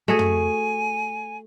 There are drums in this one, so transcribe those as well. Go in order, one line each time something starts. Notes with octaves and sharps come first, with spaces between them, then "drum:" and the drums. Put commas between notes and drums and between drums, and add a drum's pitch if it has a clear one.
A3 F#4 G#4 G#5
drum: tom